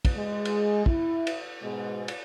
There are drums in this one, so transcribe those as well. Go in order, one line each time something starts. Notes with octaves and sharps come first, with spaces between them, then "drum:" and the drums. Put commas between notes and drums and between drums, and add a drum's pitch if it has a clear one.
drum: kick, cymbal
G#3
drum: cymbal
E4, drum: kick
drum: cymbal
G#2 B2 G#3
drum: cymbal